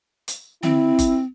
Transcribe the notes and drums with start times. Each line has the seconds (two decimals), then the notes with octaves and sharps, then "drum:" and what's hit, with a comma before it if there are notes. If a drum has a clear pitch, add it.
0.28 drum: hi-hat
0.63 C4 E4, drum: tom D3
0.99 drum: kick F#1, hi-hat